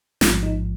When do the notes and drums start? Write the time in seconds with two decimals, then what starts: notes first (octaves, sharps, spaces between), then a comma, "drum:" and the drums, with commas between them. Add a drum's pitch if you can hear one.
0.21 A1 G#2 F3 F4, drum: snare
0.43 D#4